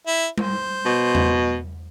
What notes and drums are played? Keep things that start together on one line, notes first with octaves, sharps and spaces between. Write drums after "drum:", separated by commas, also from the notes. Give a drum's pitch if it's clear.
E4
C5, drum: tom G3
B2
drum: tom E2